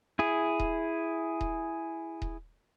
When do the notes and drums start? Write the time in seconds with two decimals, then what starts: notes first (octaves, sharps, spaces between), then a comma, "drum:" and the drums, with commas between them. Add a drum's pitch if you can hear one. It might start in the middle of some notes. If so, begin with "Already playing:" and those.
0.19 E4 G#4
0.60 drum: kick D#1
1.41 drum: kick D#1
2.22 drum: kick D#1